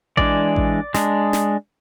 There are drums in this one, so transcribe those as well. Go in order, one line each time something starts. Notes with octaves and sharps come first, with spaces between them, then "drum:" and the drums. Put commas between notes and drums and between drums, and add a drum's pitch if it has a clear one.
E3 G#3 D4 D5, drum: kick A1
drum: kick A1
G#3 D4, drum: snare
drum: snare